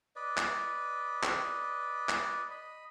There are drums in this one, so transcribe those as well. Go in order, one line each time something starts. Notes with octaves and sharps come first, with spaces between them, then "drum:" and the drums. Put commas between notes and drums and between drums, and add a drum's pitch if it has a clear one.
B4 D5 D#5
drum: clap
drum: clap
drum: clap
D#5 B5